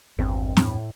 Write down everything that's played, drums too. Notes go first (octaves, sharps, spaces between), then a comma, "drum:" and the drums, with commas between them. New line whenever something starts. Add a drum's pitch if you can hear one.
G#1 E2 G2 C4
A2, drum: snare